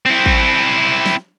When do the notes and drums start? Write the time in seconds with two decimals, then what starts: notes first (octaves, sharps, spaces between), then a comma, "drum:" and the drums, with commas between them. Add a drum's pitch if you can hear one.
0.06 C4 E4
0.26 drum: kick
1.06 drum: snare